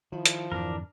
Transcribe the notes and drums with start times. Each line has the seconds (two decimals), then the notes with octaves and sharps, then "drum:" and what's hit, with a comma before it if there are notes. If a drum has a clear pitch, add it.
0.12 D#3 F3 E4
0.26 drum: hi-hat
0.52 F2 G#2 D3 E3 D4 A#4